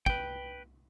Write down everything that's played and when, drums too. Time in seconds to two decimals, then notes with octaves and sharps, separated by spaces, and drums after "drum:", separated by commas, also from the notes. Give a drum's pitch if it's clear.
0.06 B4 G5, drum: kick